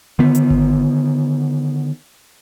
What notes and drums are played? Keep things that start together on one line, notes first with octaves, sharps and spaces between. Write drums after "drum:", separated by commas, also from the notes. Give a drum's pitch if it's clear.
D3 D#3 B3
drum: hi-hat
drum: kick G#1